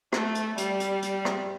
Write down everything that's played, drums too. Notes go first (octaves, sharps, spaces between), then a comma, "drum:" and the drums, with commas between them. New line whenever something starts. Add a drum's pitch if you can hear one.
A3, drum: rim click
drum: hi-hat
G3, drum: hi-hat
drum: hi-hat
drum: hi-hat
drum: rim click